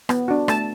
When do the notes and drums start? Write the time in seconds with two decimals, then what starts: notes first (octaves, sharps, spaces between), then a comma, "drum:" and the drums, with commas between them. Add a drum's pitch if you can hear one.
0.09 B3, drum: rim click
0.28 D4 F#4
0.48 A3 A5, drum: rim click